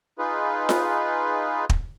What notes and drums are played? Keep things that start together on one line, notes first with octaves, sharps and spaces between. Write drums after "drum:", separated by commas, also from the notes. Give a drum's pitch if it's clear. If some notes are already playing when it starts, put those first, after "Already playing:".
D#4 F4 G#4 B4
drum: snare F4
drum: kick